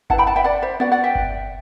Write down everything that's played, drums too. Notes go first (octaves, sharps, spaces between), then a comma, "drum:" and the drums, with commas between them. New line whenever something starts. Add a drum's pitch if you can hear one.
E4 B4 F#5 A5, drum: kick G1
G5 B5
F#5 A5
E5 G5
D5 F#5
C5 E5
F#4 B4 D5 F#5, drum: tom B3
D5 F#5
E5 G5
drum: kick G1